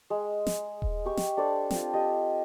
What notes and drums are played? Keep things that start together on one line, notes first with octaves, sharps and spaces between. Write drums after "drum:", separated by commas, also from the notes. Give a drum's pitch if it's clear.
G#3
drum: snare
drum: kick D#1
G4 C#6
drum: snare
D4 A4 C5 D5
C4 F4, drum: snare
G4 D#5